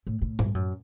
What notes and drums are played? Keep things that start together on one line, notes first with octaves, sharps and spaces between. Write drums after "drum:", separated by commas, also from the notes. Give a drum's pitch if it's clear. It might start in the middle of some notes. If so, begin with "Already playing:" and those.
A2
A2
G2, drum: tom A2
F#2